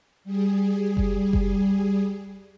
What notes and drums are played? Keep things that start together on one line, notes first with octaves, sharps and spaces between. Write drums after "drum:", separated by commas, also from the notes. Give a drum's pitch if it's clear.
G3 G#4
drum: kick F#1
drum: kick F#1